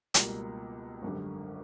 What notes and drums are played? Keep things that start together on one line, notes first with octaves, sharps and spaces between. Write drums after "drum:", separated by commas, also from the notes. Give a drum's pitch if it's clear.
C#2 B2 G3 A#3, drum: hi-hat
G#1 F#2 D3 G3